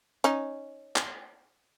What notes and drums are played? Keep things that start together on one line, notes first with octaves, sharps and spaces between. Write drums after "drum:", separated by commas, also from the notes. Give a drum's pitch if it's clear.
C#4 D#4, drum: hi-hat
drum: clap